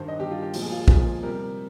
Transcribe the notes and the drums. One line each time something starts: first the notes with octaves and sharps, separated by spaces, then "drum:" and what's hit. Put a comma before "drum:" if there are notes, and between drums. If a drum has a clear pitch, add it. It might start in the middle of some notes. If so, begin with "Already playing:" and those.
Already playing: G2 D#3 G3 C5
D#5
G2 D#3 G3 G4
F4
G4
A#2 F3 G#3, drum: open hi-hat
G#4
F4
G#4
A#2 F3 G#3, drum: kick
C3 G3 A#4